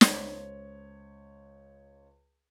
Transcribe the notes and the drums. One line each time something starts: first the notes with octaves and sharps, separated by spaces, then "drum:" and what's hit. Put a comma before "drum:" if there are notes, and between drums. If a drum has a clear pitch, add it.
C#2 C5 C#5, drum: snare